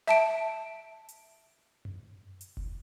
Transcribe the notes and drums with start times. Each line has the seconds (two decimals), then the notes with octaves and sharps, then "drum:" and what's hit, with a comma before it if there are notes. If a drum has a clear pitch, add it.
0.07 E5 A5 D7, drum: snare
1.09 drum: hi-hat
1.85 drum: tom F#2
2.41 drum: hi-hat
2.57 drum: kick F1